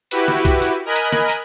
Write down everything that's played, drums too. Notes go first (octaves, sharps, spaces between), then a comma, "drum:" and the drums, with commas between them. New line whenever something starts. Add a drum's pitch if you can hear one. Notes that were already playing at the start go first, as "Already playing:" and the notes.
E4 F#4 G4 B4, drum: hi-hat
drum: snare
drum: kick, hi-hat
drum: hi-hat
A#4 D#5 G#5 B5 F#6
drum: hi-hat
drum: snare
drum: hi-hat